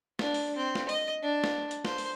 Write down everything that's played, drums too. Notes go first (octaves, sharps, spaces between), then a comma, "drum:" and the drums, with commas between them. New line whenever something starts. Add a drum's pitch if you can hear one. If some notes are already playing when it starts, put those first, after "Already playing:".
D4, drum: snare
drum: open hi-hat
C4
drum: snare
D#5, drum: hi-hat
D4
drum: snare
drum: hi-hat
C5, drum: snare
drum: open hi-hat